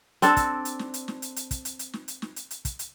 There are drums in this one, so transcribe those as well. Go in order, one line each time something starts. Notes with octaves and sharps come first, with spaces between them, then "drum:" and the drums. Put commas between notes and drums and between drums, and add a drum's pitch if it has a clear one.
C4 D4 A4, drum: hi-hat
drum: kick, hi-hat
drum: hi-hat
drum: snare
drum: hi-hat
drum: snare
drum: hi-hat
drum: hi-hat
drum: kick, hi-hat
drum: hi-hat
drum: hi-hat
drum: snare
drum: hi-hat
drum: snare
drum: hi-hat
drum: hi-hat
drum: kick, hi-hat
drum: hi-hat